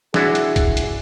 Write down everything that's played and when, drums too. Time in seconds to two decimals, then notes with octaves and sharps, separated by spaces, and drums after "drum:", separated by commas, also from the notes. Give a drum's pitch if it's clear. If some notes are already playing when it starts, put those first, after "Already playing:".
0.14 D4 E4 F#4 G#4, drum: snare
0.35 drum: hi-hat
0.56 drum: kick B1, hi-hat
0.77 drum: hi-hat